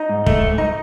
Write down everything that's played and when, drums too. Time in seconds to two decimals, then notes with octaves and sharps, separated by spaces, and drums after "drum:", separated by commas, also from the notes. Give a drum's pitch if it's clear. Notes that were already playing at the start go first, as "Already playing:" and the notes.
Already playing: D#4
0.09 G#2
0.26 A3, drum: kick
0.43 G#2
0.58 D#4